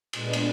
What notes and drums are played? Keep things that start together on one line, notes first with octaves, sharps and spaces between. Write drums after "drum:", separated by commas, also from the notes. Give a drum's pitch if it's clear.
A#2 G#3 B3 D4 B4 D#5, drum: cymbal
drum: cymbal